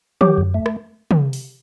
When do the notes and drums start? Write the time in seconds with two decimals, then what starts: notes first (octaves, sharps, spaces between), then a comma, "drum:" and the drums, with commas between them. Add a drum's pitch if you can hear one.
0.21 F#3 G4, drum: tom
0.38 F#2
0.54 A3
0.66 drum: rim click
1.11 drum: tom
1.33 drum: open hi-hat